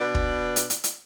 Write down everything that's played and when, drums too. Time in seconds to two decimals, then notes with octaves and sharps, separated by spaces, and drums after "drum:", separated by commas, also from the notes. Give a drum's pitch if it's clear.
0.01 B2 D4 B4
0.15 drum: kick
0.56 drum: hi-hat
0.70 drum: hi-hat
0.84 drum: hi-hat